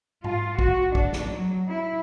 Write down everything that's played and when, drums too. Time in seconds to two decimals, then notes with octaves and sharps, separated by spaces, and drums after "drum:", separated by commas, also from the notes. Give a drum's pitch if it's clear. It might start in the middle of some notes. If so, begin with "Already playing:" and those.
0.24 F4, drum: tom G#2
0.59 F#4, drum: kick
0.95 D4, drum: kick
1.13 drum: snare
1.26 F#3
1.68 E4